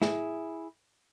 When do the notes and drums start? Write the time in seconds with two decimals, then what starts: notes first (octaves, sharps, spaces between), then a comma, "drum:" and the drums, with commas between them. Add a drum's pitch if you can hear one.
0.02 E4 G#4, drum: snare